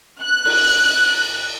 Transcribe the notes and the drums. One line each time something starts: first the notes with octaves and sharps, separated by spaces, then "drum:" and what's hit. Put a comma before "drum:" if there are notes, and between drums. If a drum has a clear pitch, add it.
F#6
drum: cymbal